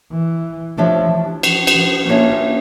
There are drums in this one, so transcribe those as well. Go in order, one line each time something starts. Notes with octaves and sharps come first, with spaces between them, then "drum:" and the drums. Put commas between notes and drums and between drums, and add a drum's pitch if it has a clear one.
E3
F3 A3 D4 G4 C#5 E5
E3
F3, drum: cymbal
drum: cymbal
F3
A#3 C#4 D4 F4 C#5 E5